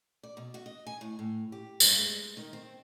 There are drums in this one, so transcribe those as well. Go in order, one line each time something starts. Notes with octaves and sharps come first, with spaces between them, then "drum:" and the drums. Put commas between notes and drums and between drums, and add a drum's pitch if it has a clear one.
D5
B2
F#4
D#5
G#5
A2
A2
G4
G2, drum: tambourine
G#3
D#3
C4